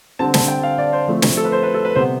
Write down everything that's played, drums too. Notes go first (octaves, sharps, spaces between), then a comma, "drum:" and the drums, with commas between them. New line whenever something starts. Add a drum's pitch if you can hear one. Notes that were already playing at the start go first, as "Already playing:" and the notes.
D3 G3 C4 A5
A5, drum: snare
G5
F5
D5
C5
F3 A3 C4
drum: snare
A4
B4
C5
B4
A4
B4
C3 G3 B3 C5